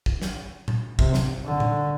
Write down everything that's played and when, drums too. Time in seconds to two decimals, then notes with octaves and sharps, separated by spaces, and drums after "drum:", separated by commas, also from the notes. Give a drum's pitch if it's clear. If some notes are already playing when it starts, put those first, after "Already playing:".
0.06 drum: kick
0.22 drum: snare
0.68 drum: tom A#2
0.99 C3, drum: kick
1.14 drum: snare
1.44 D3
1.60 drum: tom A#2